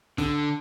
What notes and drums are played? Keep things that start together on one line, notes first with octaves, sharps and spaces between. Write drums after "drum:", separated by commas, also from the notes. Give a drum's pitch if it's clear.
D3, drum: snare